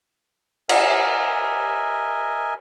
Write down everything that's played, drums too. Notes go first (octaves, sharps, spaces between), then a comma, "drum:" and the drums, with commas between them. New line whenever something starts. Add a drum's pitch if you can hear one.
A#4 D#5 E5 G#5, drum: cymbal